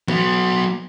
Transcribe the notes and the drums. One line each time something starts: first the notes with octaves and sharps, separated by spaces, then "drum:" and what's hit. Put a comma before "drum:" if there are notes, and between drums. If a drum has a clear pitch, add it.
F#3 B3, drum: tom E3